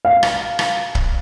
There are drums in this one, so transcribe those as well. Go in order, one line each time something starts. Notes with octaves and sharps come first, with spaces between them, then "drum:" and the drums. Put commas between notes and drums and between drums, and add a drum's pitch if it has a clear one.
F5
drum: rim click
drum: rim click
drum: kick